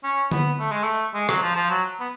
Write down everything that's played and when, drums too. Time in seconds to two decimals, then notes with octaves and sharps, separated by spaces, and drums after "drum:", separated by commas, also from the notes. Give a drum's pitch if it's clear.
0.04 C#4
0.31 B3, drum: tom D3
0.60 A3
0.72 G#3
0.83 A3
1.14 G#3
1.29 F#3, drum: rim click
1.42 F3
1.56 F3
1.70 F#3
2.00 B3